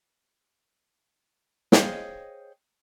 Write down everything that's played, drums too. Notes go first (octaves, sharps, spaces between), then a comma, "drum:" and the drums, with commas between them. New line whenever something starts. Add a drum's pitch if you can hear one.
G#4 C5 C#5 D#5 F5 G5, drum: snare